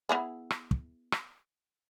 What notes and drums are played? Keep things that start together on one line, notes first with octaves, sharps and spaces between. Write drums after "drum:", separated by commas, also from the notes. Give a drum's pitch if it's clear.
B3 E4 G#4
drum: rim click
drum: kick
drum: rim click